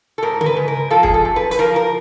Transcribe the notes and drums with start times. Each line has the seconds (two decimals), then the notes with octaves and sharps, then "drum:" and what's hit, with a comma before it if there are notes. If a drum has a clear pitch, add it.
0.18 A4
0.23 G#2 A#4
0.41 A#4, drum: tom C#3
0.46 B4
0.56 G#2
0.68 A#4
0.90 F3 A4
1.03 G#4, drum: kick
1.14 A4
1.25 F#2
1.36 B4
1.51 B4, drum: hi-hat
1.59 F3 A#4
1.76 A#4